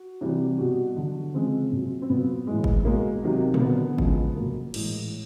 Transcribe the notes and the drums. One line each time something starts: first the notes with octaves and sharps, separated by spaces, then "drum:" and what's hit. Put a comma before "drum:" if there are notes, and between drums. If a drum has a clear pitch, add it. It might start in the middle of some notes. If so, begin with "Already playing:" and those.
Already playing: F#4
C3 E3 G3
B2 G3 F#4
D3 F#3
C#3 F3 G#3 C4
A#2 F#3
C4
A#2 F#3 B3
A2 E3 G#3
drum: kick G1
B2 G#3 A#3
C3 D#3 F#3
A#3, drum: tom A#2
D3 F#3 B3
C#3 F3 G#3, drum: kick G1
A#2 F#3 A#3
A2 E3 G#3, drum: cymbal